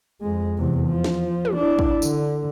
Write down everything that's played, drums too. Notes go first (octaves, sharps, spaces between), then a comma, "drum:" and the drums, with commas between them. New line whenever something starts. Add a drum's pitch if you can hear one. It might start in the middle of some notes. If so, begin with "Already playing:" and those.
F2 G#3
E2 C3
F3
drum: snare
drum: tom
D4 E4
drum: kick
D3, drum: tambourine